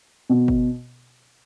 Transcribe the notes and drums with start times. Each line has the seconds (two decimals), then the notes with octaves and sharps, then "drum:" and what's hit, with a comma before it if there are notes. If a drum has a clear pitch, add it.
0.29 B2
0.48 drum: kick G1